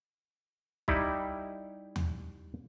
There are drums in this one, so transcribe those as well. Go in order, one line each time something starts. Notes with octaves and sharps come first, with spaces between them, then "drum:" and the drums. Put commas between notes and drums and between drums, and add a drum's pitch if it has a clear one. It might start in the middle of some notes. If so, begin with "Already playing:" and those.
G3 D#4 E4 G4, drum: kick
drum: tom D#2